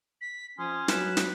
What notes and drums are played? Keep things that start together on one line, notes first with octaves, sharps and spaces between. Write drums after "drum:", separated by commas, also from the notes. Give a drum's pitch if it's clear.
B6
F3 C#4 C6 D#6
F#3 B4 E7, drum: snare
drum: snare